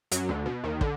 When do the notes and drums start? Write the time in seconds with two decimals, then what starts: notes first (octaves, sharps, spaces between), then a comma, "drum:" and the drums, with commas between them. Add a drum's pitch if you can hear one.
0.11 F#2 F#3, drum: hi-hat
0.29 D2 D3
0.46 B2
0.64 D#2 D#3
0.81 D3, drum: kick